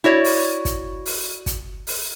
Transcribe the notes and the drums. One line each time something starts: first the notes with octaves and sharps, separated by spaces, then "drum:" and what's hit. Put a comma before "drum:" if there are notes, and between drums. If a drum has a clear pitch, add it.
E4 F#4 C#5 D5
drum: open hi-hat
drum: kick, hi-hat
drum: open hi-hat
drum: kick, hi-hat
drum: open hi-hat